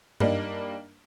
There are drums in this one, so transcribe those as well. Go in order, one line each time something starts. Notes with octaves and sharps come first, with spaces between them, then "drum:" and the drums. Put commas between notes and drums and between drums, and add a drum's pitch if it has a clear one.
G3 A#3 D4 D#4, drum: tom G2